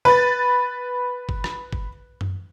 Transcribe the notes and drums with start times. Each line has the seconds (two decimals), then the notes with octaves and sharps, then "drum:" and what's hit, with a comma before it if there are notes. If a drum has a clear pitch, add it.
0.05 B4 A6, drum: tom C3
1.29 drum: kick G1
1.44 drum: rim click
1.72 drum: kick G1
2.21 drum: tom F#2